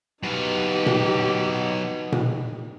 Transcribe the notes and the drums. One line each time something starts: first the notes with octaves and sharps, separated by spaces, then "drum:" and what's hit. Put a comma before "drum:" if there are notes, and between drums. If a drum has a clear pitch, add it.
B2 F#3 D#4 G4 B4 F5
drum: tom A#2
drum: tom A#2